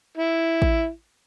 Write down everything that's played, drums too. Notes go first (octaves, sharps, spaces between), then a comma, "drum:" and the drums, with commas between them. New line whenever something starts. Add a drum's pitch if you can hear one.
E4
drum: kick A1